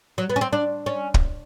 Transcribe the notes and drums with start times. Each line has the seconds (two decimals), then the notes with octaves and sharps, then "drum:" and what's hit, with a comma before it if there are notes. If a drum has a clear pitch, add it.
0.18 F#3
0.30 B3
0.36 C#4
0.41 C4
0.53 D4
0.86 C#4
1.14 drum: kick